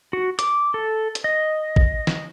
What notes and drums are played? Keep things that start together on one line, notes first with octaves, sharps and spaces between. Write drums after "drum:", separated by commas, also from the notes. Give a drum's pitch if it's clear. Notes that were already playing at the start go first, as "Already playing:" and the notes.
F#4
D6, drum: hi-hat
A4
drum: hi-hat
D#5
drum: kick A1
drum: snare